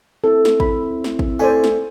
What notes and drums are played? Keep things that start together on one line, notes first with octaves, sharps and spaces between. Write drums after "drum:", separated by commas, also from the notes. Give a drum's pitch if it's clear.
C4 E4 A4
drum: snare
B5, drum: kick
drum: snare
drum: kick
A3 C5 D5 G#5
drum: snare